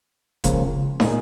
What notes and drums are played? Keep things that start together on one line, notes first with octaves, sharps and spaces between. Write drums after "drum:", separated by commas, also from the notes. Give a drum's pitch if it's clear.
C#2 C#3 F3 A#3, drum: kick E1, hi-hat
A#2 G#3 D#4, drum: snare